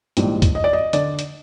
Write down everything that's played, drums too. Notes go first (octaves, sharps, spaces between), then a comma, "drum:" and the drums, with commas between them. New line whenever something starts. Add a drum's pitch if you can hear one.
A#1 G#2 E3 G3, drum: hi-hat
drum: kick C#2, hi-hat
D#5
D5
D#5
D3 D5, drum: hi-hat
drum: hi-hat